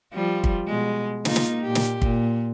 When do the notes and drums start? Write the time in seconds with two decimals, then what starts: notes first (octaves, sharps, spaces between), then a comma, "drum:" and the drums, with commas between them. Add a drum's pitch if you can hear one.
0.13 F3 G3 F4
0.44 drum: kick
0.67 B2 G#3
1.25 A#3 D#4 F4, drum: snare
1.36 drum: snare
1.62 A#2 G4
1.75 drum: snare
2.02 A#2, drum: kick